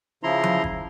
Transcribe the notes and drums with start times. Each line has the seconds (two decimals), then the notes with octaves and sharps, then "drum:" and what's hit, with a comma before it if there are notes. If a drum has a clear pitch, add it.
0.23 C#3 F3 E4 A#5 C6
0.44 drum: tom F3
0.64 drum: kick